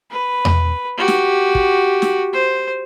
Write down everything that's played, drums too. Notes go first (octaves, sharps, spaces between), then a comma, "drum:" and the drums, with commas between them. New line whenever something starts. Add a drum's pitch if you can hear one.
B4
drum: tom E2
F#4 G4
drum: snare
drum: kick
drum: snare
C5